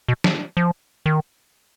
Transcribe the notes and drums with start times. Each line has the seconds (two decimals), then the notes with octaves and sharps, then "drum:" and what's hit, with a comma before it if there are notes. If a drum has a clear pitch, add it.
0.08 B2
0.24 drum: snare
0.57 F3
1.06 D#3